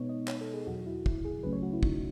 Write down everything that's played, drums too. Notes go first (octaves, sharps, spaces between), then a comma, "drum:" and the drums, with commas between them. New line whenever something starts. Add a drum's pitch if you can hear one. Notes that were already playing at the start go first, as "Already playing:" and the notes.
Already playing: B2 G#3 B3 D#4 C#5
D#5
C#5, drum: clap
A4
G#4
E2 B2 F#3 F#4
F#4
E4
E4, drum: kick
G#4
C#2 C#3 F#3 A3 C#4 B4
C#5
F#4
E4
D#4, drum: kick